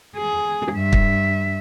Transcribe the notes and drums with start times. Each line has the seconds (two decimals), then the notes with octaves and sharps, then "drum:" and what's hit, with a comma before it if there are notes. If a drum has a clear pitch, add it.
0.17 G#4
0.73 G2 E5
0.93 drum: kick